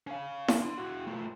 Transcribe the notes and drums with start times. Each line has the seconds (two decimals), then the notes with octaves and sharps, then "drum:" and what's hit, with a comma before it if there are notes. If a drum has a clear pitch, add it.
0.07 C#4 F5
0.48 drum: snare E4
0.60 D4 C6
0.78 E4 F#4
1.07 A3 F4